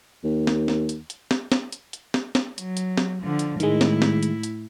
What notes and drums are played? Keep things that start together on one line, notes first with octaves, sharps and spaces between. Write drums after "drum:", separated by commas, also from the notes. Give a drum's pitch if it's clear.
D#2
drum: snare
drum: snare
drum: hi-hat
drum: hi-hat
drum: snare
drum: snare
drum: hi-hat
drum: hi-hat
drum: snare
drum: snare
F#3, drum: hi-hat
drum: hi-hat
drum: snare
D3 F3
drum: hi-hat
A2 D#3 G#3 E4, drum: hi-hat
drum: snare
drum: snare
drum: hi-hat
drum: hi-hat